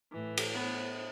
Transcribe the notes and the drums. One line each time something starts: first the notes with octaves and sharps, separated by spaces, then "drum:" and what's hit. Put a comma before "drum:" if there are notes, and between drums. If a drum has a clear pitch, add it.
A2 E3
drum: cymbal
B3